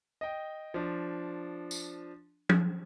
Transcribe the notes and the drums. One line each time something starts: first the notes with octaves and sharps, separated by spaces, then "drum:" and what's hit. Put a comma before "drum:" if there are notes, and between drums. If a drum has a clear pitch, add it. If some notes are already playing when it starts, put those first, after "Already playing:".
D#5 G5
F3 D4
drum: tambourine
drum: tom F3